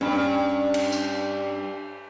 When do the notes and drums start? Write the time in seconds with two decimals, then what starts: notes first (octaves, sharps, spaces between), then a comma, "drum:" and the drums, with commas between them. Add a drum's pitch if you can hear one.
0.01 G2 C#4 B5
0.74 drum: cymbal
0.92 drum: tambourine